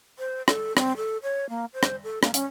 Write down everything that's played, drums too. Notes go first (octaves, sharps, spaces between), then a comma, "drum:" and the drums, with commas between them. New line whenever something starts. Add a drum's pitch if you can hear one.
C5
A4, drum: rim click
C4, drum: rim click
A4
C#5
A#3
C5
drum: rim click
A4
A#3, drum: rim click
C#4, drum: hi-hat